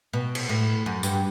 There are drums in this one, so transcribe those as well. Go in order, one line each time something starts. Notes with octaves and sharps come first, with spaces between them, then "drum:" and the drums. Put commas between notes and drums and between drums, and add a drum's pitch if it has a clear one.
B2
drum: cymbal
A2
F#2
G2, drum: tambourine